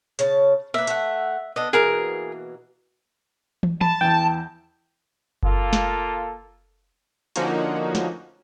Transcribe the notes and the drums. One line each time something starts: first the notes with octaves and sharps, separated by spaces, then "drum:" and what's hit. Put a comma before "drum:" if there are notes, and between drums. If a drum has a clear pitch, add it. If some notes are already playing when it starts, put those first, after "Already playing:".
C#3 C#4 A5, drum: hi-hat
A#3 B4 E5
A3 F#5, drum: hi-hat
B3 D4 A4 D#5
B2 E3 A#3 G#4 A#4
drum: tom
A5 B5, drum: tom
E2 E3 G5
A#3 F4 A4, drum: kick F#1
drum: snare
D3 F3 A#3 C#4 D#4 F#4, drum: hi-hat
drum: snare